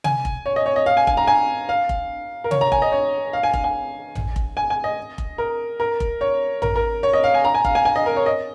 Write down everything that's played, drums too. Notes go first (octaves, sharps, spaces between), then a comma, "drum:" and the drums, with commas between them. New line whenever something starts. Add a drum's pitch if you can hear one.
G#5, drum: tom C3
drum: kick F1
C#5
D#5
C#5
D#5
F5
G#5
G#5, drum: kick F1
A#5
G#5
F5
drum: kick F1
A#4
C#5, drum: tom C3
A#5
G#5, drum: kick F1
D#5
C#5
F5
G#5
F5, drum: kick F1
G#5
drum: tom A1
drum: kick F1
G#5
G#5
D#5
drum: kick F1
A#4
A#4
drum: kick F1
C#5
A#4, drum: tom A1
A#4
C#5
D#5
F5
G#5
A#5
G#5
F5, drum: kick F1
G#5
G#5
D#5
A#4
C#5
D#5